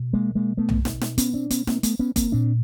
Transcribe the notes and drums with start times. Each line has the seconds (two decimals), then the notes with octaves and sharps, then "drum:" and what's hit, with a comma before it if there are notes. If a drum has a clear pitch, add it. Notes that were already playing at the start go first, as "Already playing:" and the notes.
Already playing: B2
0.13 G#3 A#3
0.35 G#3 A#3
0.57 A3 B3
0.69 drum: tom B1
0.85 drum: snare
1.01 drum: snare
1.18 B3 C#4, drum: hi-hat
1.34 C4 D4
1.50 B3 C#4, drum: hi-hat
1.67 A#3 C4, drum: snare
1.83 A3 B3, drum: hi-hat
1.99 B3 C#4
2.16 A#3 C4, drum: kick, hi-hat
2.32 A#2 C4 D4